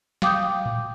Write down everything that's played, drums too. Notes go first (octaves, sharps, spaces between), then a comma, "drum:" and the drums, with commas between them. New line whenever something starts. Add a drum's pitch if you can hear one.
F5 G5 D6 D#6 G6, drum: snare
drum: tom A2